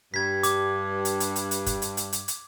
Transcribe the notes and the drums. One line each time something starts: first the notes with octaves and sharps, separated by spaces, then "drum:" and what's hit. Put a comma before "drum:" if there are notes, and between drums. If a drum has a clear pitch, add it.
G2 G#6 B6
D6, drum: hi-hat
drum: hi-hat
drum: hi-hat
drum: hi-hat
drum: hi-hat
drum: kick, hi-hat
drum: hi-hat
drum: hi-hat
drum: hi-hat
drum: hi-hat